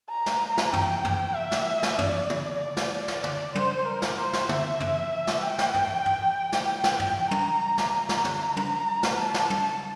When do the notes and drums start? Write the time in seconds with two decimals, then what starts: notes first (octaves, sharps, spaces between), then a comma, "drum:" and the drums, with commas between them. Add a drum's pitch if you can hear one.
0.10 A#5
0.26 drum: snare
0.57 drum: snare
0.73 G5, drum: tom
1.04 drum: tom
1.35 E5
1.51 drum: snare
1.83 drum: snare
1.98 D5, drum: tom
2.30 drum: tom
2.61 D5
2.77 drum: snare
3.08 drum: snare
3.24 drum: tom
3.55 C5, drum: tom
3.86 A#4
4.02 drum: snare
4.18 C5
4.33 drum: snare
4.49 E5, drum: tom
4.80 drum: tom
5.27 drum: snare
5.42 G5
5.58 drum: snare
5.74 drum: tom
6.05 drum: tom
6.52 drum: snare
6.68 G5
6.84 drum: snare
6.99 drum: tom
7.31 A#5, drum: tom
7.78 drum: snare
7.94 A#5
8.09 drum: snare
8.25 drum: tom
8.56 A#5, drum: tom
9.03 drum: snare
9.18 A5
9.34 drum: snare
9.50 A5, drum: tom